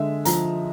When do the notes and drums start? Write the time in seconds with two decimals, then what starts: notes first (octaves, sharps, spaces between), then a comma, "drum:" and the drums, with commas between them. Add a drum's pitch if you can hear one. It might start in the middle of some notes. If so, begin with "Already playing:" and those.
Already playing: D3 G#3 E5
0.25 F3 A#5, drum: hi-hat